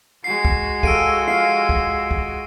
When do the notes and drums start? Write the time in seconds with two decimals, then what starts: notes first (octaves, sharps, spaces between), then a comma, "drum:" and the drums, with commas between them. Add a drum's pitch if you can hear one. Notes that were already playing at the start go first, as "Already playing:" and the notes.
0.24 G#3 F#4 C7
0.45 drum: kick
0.83 G4 A4 F5 E6 D7 D#7, drum: kick
1.28 F4 F5 C7
1.69 drum: kick
2.11 drum: kick